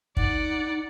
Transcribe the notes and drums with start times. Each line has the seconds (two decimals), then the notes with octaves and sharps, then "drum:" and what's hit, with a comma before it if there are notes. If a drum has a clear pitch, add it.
0.17 D#4 D5 F#5, drum: kick